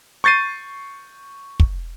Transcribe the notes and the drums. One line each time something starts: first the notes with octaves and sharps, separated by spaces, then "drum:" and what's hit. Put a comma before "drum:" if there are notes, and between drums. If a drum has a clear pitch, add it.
C#6 G6 A6 C7 D#7
drum: kick